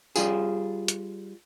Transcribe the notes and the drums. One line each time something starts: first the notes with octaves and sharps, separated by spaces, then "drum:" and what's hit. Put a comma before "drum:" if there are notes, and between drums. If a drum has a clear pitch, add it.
G3 F4 G#4, drum: tambourine
drum: hi-hat